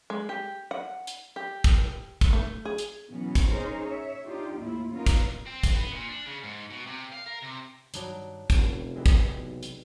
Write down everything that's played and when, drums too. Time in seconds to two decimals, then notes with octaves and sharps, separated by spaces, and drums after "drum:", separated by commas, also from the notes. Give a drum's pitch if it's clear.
0.10 G#3
0.29 G4
0.71 F#5
1.07 drum: hi-hat
1.36 G4
1.64 drum: kick, hi-hat
2.21 drum: kick, hi-hat
2.33 A3
2.65 G#4
2.78 drum: hi-hat
3.11 B2 E3 F#3 B3 C#4
3.35 drum: kick, hi-hat
3.49 C#4 D#4 G#4 A#4 C5 C#5
3.85 C#5 E5
4.25 D4 D#4 F4 G4
4.58 D#2 A2 E4 F4
4.92 A#3 B3 C#4 D#4 F4 A#4
5.06 drum: kick, hi-hat
5.46 C4
5.64 drum: kick, hi-hat
5.75 B3
5.92 A#2
6.09 D4
6.26 C#3
6.44 G#2
6.70 B2
6.86 C3
7.12 F5
7.26 A#4
7.42 C3
7.94 G2 D#3 F#3 G3 D4 D#4, drum: hi-hat
8.50 F1 C3 C#4, drum: kick, hi-hat
8.96 E3 G3 G#3
9.06 drum: kick, hi-hat
9.34 B1
9.63 drum: hi-hat